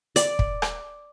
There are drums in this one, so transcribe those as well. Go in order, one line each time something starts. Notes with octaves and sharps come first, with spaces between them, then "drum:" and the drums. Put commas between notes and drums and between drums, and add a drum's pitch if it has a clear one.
D5, drum: hi-hat
drum: kick
drum: rim click